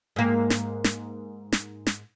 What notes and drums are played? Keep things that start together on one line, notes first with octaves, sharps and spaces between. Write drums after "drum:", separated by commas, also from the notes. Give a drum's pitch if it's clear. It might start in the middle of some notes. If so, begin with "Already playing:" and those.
G#2 A#3
drum: snare
drum: snare
drum: snare
drum: snare